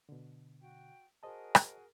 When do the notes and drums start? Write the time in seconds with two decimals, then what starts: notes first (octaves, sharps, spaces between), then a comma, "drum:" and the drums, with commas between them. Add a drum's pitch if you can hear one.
0.09 B2 D3
0.61 F#4 G5
1.23 F#4 G#4 A#4 C5 D#5 A5
1.55 drum: rim click